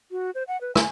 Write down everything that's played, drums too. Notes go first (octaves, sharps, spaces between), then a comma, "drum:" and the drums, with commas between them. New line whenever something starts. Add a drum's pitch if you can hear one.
F#4
C5
F#5
B4
G#5, drum: rim click